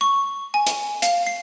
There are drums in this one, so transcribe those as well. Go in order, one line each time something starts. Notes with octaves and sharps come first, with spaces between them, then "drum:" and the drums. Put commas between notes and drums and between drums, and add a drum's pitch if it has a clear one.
C#6
G#5
drum: hi-hat
F5, drum: hi-hat
C7